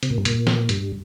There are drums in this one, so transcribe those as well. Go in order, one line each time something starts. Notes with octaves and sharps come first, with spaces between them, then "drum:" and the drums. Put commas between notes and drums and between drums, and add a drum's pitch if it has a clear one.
C3, drum: hi-hat
A#2
G2
A#2, drum: hi-hat
drum: snare
G2, drum: hi-hat